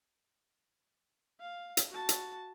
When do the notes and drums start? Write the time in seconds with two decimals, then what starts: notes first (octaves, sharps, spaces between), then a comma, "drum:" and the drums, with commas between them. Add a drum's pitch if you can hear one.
1.40 F5
1.77 drum: hi-hat
1.89 F#4 A5
2.09 drum: hi-hat